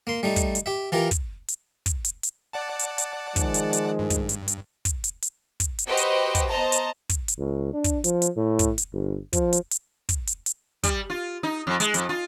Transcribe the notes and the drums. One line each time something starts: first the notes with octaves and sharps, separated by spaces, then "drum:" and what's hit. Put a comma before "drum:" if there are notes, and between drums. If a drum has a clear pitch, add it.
A#3 C6
G3 A3 D#4
drum: kick, hi-hat
drum: hi-hat
G4 E5
E3 F4 G4 A#4
drum: kick, hi-hat
drum: hi-hat
drum: kick, hi-hat
drum: hi-hat
drum: hi-hat
D5 F#5 A5
drum: hi-hat
drum: hi-hat
D#3 F3 G#3, drum: kick, hi-hat
drum: hi-hat
drum: hi-hat
G2
drum: kick, hi-hat
drum: hi-hat
drum: hi-hat
drum: kick, hi-hat
drum: hi-hat
drum: hi-hat
drum: kick, hi-hat
drum: hi-hat
F#4 G4 B4 C5 D#5
drum: hi-hat
drum: kick, hi-hat
B3 C5 D#5 A5 A#5
drum: hi-hat
drum: kick, hi-hat
drum: hi-hat
C#2
D4
drum: kick, hi-hat
F3, drum: hi-hat
drum: hi-hat
A2
drum: kick, hi-hat
drum: hi-hat
G1
F3, drum: kick, hi-hat
drum: hi-hat
drum: hi-hat
drum: kick, hi-hat
drum: hi-hat
drum: hi-hat
G3, drum: kick, hi-hat
F4
D#4
F2
G#3, drum: hi-hat
F2, drum: hi-hat
F4